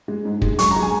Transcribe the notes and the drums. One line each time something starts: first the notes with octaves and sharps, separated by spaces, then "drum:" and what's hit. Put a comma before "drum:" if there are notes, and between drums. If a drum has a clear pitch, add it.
G#3
G#2
G#3, drum: kick
F#2 C#6, drum: hi-hat
A#5
G#3
G#5